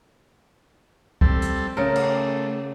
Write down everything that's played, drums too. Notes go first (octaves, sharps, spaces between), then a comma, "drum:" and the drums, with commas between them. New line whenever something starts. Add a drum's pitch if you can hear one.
G3 C4 A4, drum: kick C2
drum: hi-hat
C#3 A3 A#4
drum: cymbal